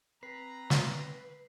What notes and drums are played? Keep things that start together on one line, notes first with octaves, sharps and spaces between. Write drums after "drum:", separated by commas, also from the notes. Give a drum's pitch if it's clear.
C4 B4 A#5 C7
drum: snare